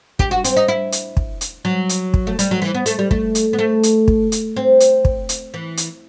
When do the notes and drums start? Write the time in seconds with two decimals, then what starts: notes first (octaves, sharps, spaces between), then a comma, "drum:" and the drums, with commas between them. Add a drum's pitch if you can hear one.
0.19 G4, drum: kick
0.31 F#4
0.44 C4, drum: hi-hat
0.56 D#4
0.68 E4
0.92 drum: hi-hat
1.17 drum: kick
1.41 drum: hi-hat
1.65 F#3
1.89 drum: hi-hat
2.14 drum: kick
2.27 A3
2.39 G3, drum: hi-hat
2.51 F#3
2.62 E3
2.74 B3
2.86 A3, drum: hi-hat
2.99 G3
3.11 A3, drum: kick
3.35 drum: hi-hat
3.53 B3
3.59 A3
3.83 drum: hi-hat
4.08 drum: kick
4.32 drum: hi-hat
4.56 C4
4.80 drum: hi-hat
5.05 drum: kick
5.29 drum: hi-hat
5.54 E3
5.77 drum: hi-hat